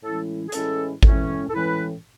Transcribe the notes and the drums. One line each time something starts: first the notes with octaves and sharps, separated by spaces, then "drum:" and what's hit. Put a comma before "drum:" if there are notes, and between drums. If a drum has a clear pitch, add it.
A2 E3 G#3 C#4 E4 A4
G#4
A2 E3 G#3 C#4 E4 A4, drum: hi-hat
A2 E3 G#3 C#4 E4, drum: kick G#1
A4
A2 E3 G#3 C#4 E4 B4